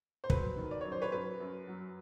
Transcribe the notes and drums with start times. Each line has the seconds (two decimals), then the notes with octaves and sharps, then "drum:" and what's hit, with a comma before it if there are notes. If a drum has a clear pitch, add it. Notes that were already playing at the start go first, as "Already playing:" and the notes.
0.24 C5
0.30 F#3 B4, drum: kick
0.57 D#3
0.71 D5
0.81 F#2 C#5
0.92 C5
1.02 B4 C#5
1.12 F#2 B4
1.40 F#2
1.67 F#3